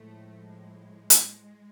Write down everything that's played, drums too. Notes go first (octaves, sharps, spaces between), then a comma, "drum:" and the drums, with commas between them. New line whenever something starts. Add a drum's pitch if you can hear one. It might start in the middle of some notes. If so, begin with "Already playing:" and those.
Already playing: A2 F3 G#3 A3
G#3
drum: hi-hat